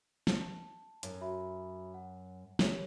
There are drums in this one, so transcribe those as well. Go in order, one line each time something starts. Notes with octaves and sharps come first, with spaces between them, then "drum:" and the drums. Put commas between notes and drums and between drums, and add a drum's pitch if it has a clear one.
A5, drum: snare
F#2, drum: hi-hat
F#4 E5 B5
F#5
G4 A#4 C#5, drum: snare